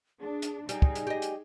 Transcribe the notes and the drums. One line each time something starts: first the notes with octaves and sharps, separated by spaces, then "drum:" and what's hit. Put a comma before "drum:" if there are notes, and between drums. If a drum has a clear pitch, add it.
D4 G#4
drum: hi-hat
G3 D#4 G#4 G#5, drum: hi-hat
drum: kick
drum: hi-hat
G4 D#5
drum: hi-hat